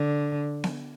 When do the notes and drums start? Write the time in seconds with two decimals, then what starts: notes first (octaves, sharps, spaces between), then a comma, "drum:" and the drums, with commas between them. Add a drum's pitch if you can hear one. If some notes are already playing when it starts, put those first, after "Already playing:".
Already playing: D3
0.64 drum: snare B3